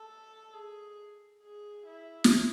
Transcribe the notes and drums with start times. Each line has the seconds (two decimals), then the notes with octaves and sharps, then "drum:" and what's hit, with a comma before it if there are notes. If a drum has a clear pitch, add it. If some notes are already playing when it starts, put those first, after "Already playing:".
Already playing: A4
0.54 G#4
1.43 G#4
1.86 E4
2.24 drum: snare